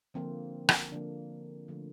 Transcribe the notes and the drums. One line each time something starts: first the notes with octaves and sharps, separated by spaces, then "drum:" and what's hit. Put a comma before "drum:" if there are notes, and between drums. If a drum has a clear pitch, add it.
D3 F3 A#3 C4
drum: rim click
D3 F3 A#3 D4
D3 F3 A3